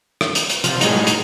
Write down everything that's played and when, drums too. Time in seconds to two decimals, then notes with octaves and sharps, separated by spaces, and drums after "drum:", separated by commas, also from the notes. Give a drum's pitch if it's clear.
0.21 drum: rim click
0.35 drum: hi-hat
0.50 drum: hi-hat
0.64 C3 F3 F4, drum: hi-hat
0.81 A2 F#3 G3 D#4 G#4, drum: hi-hat
1.07 drum: hi-hat